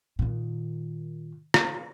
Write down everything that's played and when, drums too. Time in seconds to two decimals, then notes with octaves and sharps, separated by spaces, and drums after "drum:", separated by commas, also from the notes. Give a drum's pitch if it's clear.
0.19 A#2 D#3
1.54 drum: rim click